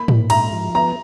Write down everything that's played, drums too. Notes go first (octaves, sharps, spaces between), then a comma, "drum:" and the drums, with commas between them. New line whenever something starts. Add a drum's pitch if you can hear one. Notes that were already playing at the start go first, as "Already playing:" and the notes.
Already playing: A#3 B5
A#2, drum: tom G#2
G#2 A#5, drum: cymbal
F3
B3 A#5